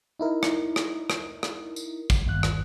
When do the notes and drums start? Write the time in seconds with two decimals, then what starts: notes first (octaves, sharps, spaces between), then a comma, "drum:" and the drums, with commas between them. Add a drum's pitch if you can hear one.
0.19 D#4 E4 A#4
0.43 drum: rim click
0.76 drum: rim click
1.10 drum: rim click
1.43 drum: rim click
1.76 drum: tambourine
2.10 drum: kick, tambourine
2.26 G1 D#2 F#6
2.43 drum: rim click